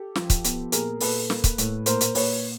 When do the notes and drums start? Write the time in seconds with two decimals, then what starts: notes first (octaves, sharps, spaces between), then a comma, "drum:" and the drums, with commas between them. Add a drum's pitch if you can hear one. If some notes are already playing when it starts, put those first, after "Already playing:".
Already playing: G4 A4
0.15 F3, drum: snare
0.30 drum: kick, hi-hat
0.44 B3, drum: hi-hat
0.72 A#2 G#4 A#4, drum: hi-hat
1.00 A#2 A4 B4, drum: open hi-hat
1.30 A#3, drum: snare
1.44 drum: kick, hi-hat
1.58 A2, drum: hi-hat
1.86 A#2 A#4 C5, drum: hi-hat
2.01 drum: hi-hat
2.15 A#2 B4 C#5, drum: open hi-hat